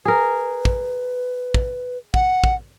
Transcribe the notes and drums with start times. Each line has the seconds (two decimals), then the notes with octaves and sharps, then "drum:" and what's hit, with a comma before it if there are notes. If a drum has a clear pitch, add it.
0.05 G#4 A#4 B4
0.65 drum: kick
1.54 drum: kick
2.14 F#5, drum: kick
2.44 drum: kick